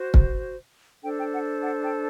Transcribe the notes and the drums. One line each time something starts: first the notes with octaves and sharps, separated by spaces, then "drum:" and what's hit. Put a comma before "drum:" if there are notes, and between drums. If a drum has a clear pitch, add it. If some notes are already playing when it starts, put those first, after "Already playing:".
Already playing: F#4 C5
drum: kick
D4 A4 C5 G5
G5
F#5
F#5
G5